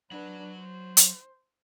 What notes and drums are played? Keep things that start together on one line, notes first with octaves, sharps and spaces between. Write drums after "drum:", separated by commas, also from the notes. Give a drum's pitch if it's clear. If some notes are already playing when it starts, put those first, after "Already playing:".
F#3 D4 B4 F#5
C5
drum: hi-hat